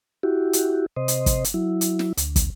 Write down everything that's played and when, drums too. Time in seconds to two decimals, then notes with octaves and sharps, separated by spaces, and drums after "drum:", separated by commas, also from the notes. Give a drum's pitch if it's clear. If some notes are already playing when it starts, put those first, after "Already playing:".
0.23 E4 F#4 G4
0.53 drum: hi-hat
0.96 C3 C5 D#5
1.08 drum: hi-hat
1.26 drum: kick, hi-hat
1.44 drum: hi-hat
1.54 F#3 E4
1.81 drum: hi-hat
1.99 drum: snare
2.17 D2, drum: hi-hat
2.36 drum: kick, hi-hat